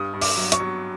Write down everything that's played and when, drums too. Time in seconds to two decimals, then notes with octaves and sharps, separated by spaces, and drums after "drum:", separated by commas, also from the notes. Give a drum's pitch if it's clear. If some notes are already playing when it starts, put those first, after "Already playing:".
Already playing: G2 D#6
0.14 G2
0.21 D6, drum: open hi-hat
0.37 F#3
0.52 C#6, drum: hi-hat
0.60 F#3